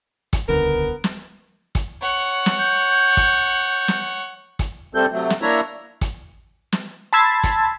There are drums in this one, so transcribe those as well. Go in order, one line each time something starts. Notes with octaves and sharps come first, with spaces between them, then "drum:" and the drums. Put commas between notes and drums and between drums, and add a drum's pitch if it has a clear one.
drum: kick, hi-hat
D#1 C#2 D3 B3 A#4
drum: snare
drum: kick, hi-hat
C#5 F#5
drum: snare
G6
drum: kick, hi-hat
drum: snare
drum: kick, hi-hat
C3 G3 A3 C4 A4 G6
C3 F#3 A3
drum: snare
A#3 D4 E4 C#5 E5 A#5
drum: kick, hi-hat
drum: snare
A5 B5 C6 E6 G#6 A6
drum: kick, hi-hat